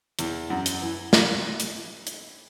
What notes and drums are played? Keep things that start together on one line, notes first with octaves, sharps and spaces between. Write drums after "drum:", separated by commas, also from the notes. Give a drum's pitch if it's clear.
E2, drum: hi-hat
F#2
drum: hi-hat
E3
drum: snare
drum: hi-hat
drum: hi-hat